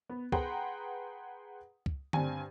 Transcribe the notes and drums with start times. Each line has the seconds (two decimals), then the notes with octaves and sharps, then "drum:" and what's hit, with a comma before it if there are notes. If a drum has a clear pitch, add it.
0.09 B3
0.32 G#4 B4 F#5 G5 A#5 C6, drum: kick
1.86 drum: kick
2.13 G2 C4 D4 G#5, drum: tom D3